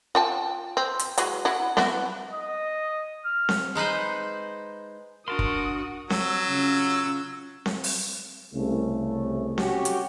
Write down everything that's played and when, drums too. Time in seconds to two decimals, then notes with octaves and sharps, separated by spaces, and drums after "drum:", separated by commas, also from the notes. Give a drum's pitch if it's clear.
0.15 F4 G5 A5
0.77 C4
0.99 drum: hi-hat
1.18 E3 F#3 G#3, drum: hi-hat
1.45 E4 F#4 F#5
1.77 B3 E4 F#4, drum: snare C4
2.31 D#5
3.25 F6
3.49 drum: snare C4
3.75 G#3 D#4 B4 C5
5.28 D4 F#4 A#4 A5 C6 D#6
5.39 drum: kick
6.10 F#3 E6, drum: snare C4
6.46 C#3 C#4 F4
7.66 drum: snare C4
7.84 drum: open hi-hat
8.54 C2 C#3 A3
9.58 C#4 F#4 G4, drum: snare C4
9.85 drum: hi-hat